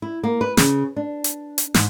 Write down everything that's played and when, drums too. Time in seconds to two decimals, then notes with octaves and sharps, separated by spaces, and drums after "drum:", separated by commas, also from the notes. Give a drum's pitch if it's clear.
0.02 E4
0.24 A#3
0.41 B4
0.57 C#3, drum: snare
0.96 D4
1.24 drum: hi-hat
1.58 drum: hi-hat
1.74 G#2, drum: snare